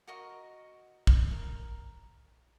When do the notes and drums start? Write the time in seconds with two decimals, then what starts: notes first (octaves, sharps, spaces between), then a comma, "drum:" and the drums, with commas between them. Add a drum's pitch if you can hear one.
0.07 F#4 A#4 D#5 C#6
1.07 drum: kick
1.31 A#4